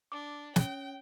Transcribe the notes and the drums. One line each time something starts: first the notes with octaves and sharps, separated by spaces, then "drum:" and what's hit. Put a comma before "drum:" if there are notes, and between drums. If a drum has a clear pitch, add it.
D4 D6
C#4 G5, drum: snare